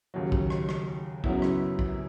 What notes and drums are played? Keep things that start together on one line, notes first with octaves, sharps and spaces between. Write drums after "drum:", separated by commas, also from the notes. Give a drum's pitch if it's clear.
D#2 C#3 F#3
drum: kick
drum: rim click
drum: rim click
F#2 C#3 F#3 B3 E4, drum: kick
drum: rim click
drum: kick